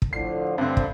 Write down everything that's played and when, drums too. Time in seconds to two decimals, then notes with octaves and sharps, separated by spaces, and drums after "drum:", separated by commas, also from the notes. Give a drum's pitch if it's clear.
0.02 drum: kick
0.13 A2 D3 F3 C7
0.58 G2 D3 A3 C4
0.77 drum: kick